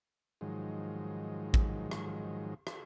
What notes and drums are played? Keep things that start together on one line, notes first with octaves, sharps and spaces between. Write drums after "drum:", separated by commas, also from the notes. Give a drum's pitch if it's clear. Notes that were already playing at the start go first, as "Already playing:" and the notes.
G#2 D#3 F3 F#3 G#3
drum: kick A1
drum: rim click
drum: rim click